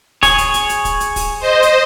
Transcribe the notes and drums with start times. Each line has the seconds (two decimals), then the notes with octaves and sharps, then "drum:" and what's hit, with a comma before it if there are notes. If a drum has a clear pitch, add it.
0.23 G#4 C#5, drum: kick, open hi-hat
0.38 drum: kick, hi-hat
0.54 drum: hi-hat
0.69 drum: hi-hat
0.85 drum: kick, hi-hat
1.00 drum: hi-hat
1.16 drum: kick, open hi-hat
1.40 C5 D#5
1.63 drum: hi-hat